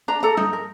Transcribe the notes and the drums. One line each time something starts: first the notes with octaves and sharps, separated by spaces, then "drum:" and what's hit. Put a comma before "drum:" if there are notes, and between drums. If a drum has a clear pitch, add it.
D4 A#5
A4 A#5
D#4, drum: tom G3
A#4